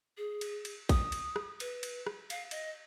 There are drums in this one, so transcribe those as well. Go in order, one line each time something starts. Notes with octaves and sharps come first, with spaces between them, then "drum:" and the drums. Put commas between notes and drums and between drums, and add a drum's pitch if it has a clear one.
G#4
drum: cymbal
drum: cymbal
D#6, drum: kick, cymbal
drum: cymbal
drum: rim click
B4, drum: cymbal
drum: cymbal
drum: rim click
F5, drum: cymbal
D#5, drum: cymbal